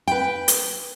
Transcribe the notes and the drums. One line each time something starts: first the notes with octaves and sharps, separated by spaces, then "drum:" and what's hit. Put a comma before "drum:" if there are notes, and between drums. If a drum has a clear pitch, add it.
B4 G5
drum: hi-hat